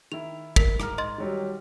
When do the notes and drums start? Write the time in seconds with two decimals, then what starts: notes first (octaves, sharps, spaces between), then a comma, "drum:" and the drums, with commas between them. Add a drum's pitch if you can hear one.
0.12 D#3 E4 F7
0.56 A#4 B6, drum: kick
0.80 G#2 A#5 F6, drum: rim click
0.98 D#5 C6 A6
1.18 D#3 F#3 G3